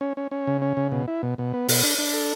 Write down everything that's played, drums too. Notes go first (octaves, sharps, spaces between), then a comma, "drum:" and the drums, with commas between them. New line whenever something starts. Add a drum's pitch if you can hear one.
C#4
C#4
C#4
C#3
C#4
C#3
B2
E4
B2
B2
B3
B2, drum: open hi-hat
D4
D4
A4